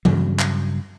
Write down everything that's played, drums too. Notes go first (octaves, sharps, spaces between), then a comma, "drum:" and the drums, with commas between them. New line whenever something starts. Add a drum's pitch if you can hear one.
G2 C#3 F#3, drum: tom E3
drum: clap